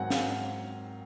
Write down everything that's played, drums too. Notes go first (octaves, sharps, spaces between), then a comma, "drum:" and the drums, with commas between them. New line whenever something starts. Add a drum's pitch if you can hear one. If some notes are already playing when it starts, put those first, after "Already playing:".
Already playing: G#2 D#3 F#3 C4 F#5 G#5
F5, drum: snare